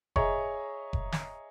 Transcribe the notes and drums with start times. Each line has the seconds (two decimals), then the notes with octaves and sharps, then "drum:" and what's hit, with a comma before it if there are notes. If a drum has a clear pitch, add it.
0.16 G#4 C#5 D#5 E5 A#5 C#6, drum: kick F1
0.93 drum: kick F1
1.12 drum: snare